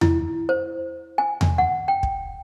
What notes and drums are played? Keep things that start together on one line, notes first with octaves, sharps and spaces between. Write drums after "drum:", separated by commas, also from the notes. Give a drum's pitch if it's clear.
E4, drum: tom E2
C5
G#5
drum: tom E2
F#5
G5
drum: kick